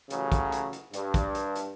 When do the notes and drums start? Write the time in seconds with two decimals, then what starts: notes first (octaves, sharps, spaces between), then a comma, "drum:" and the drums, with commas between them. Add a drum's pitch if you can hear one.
0.10 A1 C#3 F#3, drum: hi-hat
0.32 drum: kick, hi-hat
0.52 drum: hi-hat
0.73 drum: hi-hat
0.94 G2, drum: hi-hat
1.14 drum: kick, hi-hat
1.35 drum: hi-hat
1.55 drum: hi-hat